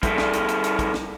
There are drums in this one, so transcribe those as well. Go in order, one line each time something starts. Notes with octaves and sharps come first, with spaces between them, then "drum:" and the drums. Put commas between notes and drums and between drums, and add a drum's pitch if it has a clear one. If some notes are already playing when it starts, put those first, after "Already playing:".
G2 A3, drum: kick, hi-hat
drum: snare
drum: hi-hat
drum: hi-hat
drum: hi-hat
drum: kick, hi-hat
drum: snare